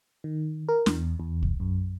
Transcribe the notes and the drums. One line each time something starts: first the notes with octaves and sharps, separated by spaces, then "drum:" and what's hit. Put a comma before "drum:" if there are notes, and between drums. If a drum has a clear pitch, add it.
D#3
A#4
E2, drum: snare
E2
drum: kick
F#2